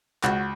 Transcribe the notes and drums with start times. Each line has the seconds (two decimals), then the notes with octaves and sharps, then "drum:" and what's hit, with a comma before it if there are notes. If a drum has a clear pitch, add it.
0.23 C#2 F#4, drum: clap